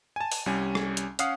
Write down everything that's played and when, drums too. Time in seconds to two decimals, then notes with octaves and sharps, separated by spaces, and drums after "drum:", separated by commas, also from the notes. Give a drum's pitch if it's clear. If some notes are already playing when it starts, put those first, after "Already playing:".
0.16 G#5 A5
0.32 drum: open hi-hat
0.46 C2 G3 C#4 G#5
0.75 drum: rim click
0.97 drum: hi-hat
1.19 C#4 F5 F#5 D#6 C7, drum: hi-hat